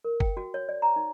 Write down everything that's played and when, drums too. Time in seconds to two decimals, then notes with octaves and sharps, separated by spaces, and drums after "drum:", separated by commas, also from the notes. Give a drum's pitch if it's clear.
0.05 A#4
0.20 G5, drum: kick F#1
0.37 F#4
0.54 C#5
0.69 D5
0.82 A#5
0.96 D#4